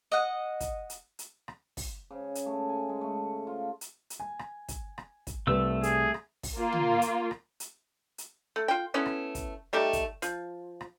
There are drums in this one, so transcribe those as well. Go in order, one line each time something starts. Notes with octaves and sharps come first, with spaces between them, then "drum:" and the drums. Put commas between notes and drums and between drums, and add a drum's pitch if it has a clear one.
D#5 F#5
drum: kick, hi-hat
drum: hi-hat
drum: hi-hat
drum: rim click
drum: kick, open hi-hat
C#3
drum: hi-hat
A3
G#5
G#3
A3
F4
drum: hi-hat
drum: hi-hat
G#5
drum: rim click
drum: kick, hi-hat
drum: rim click
drum: kick, hi-hat
C2 A3 B4 E6
G#4, drum: hi-hat
drum: rim click
drum: kick, open hi-hat
A#3 F4
drum: tom
drum: hi-hat
drum: rim click
drum: hi-hat
drum: hi-hat
A3
F4 G5
A3 B3 C#4 E4
drum: rim click
drum: kick, hi-hat
G3 A3 D#4 G4
drum: kick, hi-hat
F3, drum: hi-hat
drum: rim click